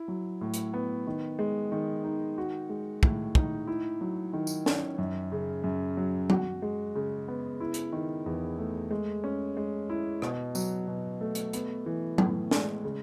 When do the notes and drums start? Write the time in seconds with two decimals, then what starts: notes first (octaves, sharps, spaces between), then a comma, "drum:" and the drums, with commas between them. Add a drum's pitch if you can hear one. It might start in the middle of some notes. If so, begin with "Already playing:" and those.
Already playing: E4
0.08 F#3
0.41 A2
0.54 drum: hi-hat
0.73 B3
1.07 D#3
1.39 G#3
1.72 D#3
2.04 D#4
2.38 F#4
2.69 G#3
3.03 A2, drum: kick
3.35 D#4, drum: kick
3.67 E4
4.01 F#3
4.33 D#3
4.47 drum: tambourine
4.66 C#4, drum: snare
4.98 F#2
5.32 C#3
5.64 F#2
5.97 F#3
6.30 F#4, drum: tom F#3
6.62 G#3
6.95 C#3
7.28 B3
7.60 E4
7.74 drum: hi-hat
7.93 D#3
8.26 E2
8.58 A3
8.91 G#3
9.24 C#4
9.57 G#3
9.90 E4
10.22 B2, drum: rim click
10.55 F#3, drum: tambourine
10.88 B2
11.21 A3
11.35 drum: hi-hat
11.53 B3, drum: hi-hat
11.86 E3
12.18 A2, drum: tom F#3
12.51 G#3, drum: snare
12.84 C#3